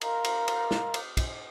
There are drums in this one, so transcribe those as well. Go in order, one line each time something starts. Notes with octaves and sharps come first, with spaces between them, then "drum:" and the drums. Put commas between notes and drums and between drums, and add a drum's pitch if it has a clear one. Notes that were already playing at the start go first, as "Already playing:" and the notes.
A#4 F5 A#5 C6, drum: cymbal
drum: cymbal
drum: cymbal
drum: snare
drum: cymbal
drum: kick, cymbal